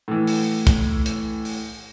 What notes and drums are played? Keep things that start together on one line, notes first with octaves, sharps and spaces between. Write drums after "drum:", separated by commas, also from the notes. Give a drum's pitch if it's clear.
A2 E3
drum: open hi-hat
drum: kick, hi-hat
drum: hi-hat
drum: open hi-hat